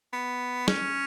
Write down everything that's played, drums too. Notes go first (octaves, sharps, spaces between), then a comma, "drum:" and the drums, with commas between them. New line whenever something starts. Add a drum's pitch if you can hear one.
B3
C#4, drum: snare